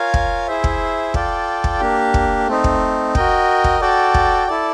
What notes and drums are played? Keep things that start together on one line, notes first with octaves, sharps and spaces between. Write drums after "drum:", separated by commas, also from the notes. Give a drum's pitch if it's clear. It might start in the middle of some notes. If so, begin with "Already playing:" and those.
Already playing: F4 A#4 C#5 F5 G#5
drum: kick
E4 G#4 C5 E5
drum: kick
F4 A4 D5 G5, drum: kick
drum: kick
A#3 D4 G4
drum: kick
A3 C4 D#4
drum: kick
F#4 A#4 D#5 G5, drum: kick
drum: kick
F#4 A4 D5 G5
drum: kick
E4 A4 D5